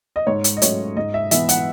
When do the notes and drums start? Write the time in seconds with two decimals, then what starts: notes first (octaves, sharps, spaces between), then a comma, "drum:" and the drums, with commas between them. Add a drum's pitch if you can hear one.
0.16 D#5
0.27 G#2 C#5
0.44 drum: hi-hat
0.57 D#5
0.62 F#3 A3 C#4 C#5, drum: hi-hat
0.97 G#2 D#5
1.14 E5
1.31 E3 B3 E5, drum: hi-hat
1.49 F#5, drum: hi-hat